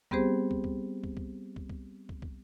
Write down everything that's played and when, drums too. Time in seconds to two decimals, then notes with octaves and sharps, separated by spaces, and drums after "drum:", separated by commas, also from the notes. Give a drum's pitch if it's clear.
0.11 G3 B3 C4 G4 G#4 C5, drum: kick
0.51 drum: kick
0.64 drum: kick
1.04 drum: kick
1.17 drum: kick
1.56 drum: kick
1.70 drum: kick
2.09 drum: kick
2.22 drum: kick